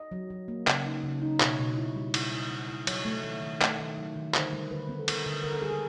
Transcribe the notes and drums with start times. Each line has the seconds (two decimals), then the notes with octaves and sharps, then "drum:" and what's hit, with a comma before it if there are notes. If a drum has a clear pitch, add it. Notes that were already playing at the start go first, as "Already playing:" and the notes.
Already playing: D#5
0.12 F#3
0.30 F#3
0.48 A#3
0.67 C#3, drum: clap
0.86 D#4
1.03 C#3
1.22 D#4
1.40 B2 C#5, drum: clap
1.59 B2
1.77 E4
1.95 G3
2.14 E4, drum: cymbal
2.32 E4
2.51 E4
2.69 E4
2.87 F#3 C#5, drum: cymbal
3.05 A3
3.23 D#3
3.42 D#3
3.61 A3, drum: clap
3.79 D#3
3.97 F#3
4.16 D#3
4.34 D3 C5, drum: clap
4.53 G3
4.71 D3 B4
4.89 B3
4.99 A4
5.08 B3 A#4, drum: cymbal
5.26 D3
5.44 D3 A#4
5.53 A4
5.62 G3 G#4
5.71 A4